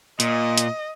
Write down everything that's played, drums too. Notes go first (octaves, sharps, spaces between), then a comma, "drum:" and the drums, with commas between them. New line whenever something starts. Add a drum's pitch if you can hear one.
A#2 D#5, drum: hi-hat
drum: hi-hat